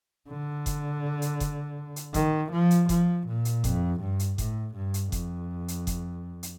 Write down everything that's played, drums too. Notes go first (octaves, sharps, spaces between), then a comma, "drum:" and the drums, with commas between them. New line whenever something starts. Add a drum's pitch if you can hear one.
D3
drum: kick F#1, hi-hat
drum: hi-hat
drum: kick F#1, hi-hat
drum: hi-hat
D#3, drum: kick F#1, hi-hat
F3
drum: hi-hat
F3, drum: kick F#1, hi-hat
A#2
drum: hi-hat
F2, drum: kick F#1, hi-hat
G2
drum: hi-hat
A2, drum: kick F#1, hi-hat
G2
drum: hi-hat
F2, drum: kick F#1, hi-hat
drum: hi-hat
drum: kick F#1, hi-hat
drum: hi-hat